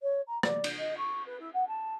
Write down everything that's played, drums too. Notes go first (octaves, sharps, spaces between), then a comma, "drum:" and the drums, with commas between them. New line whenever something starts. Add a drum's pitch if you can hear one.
C#5
A#5
D5, drum: rim click
drum: cymbal
D#5
C#6
B4
E4
F#5
A5